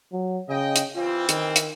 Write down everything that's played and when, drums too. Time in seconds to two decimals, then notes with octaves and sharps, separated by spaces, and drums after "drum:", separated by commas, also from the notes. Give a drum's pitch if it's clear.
0.12 F#3
0.49 C#3 D#5 G5
0.76 drum: hi-hat
0.95 E3 G3 C4 F4
1.29 D#3, drum: hi-hat
1.56 drum: hi-hat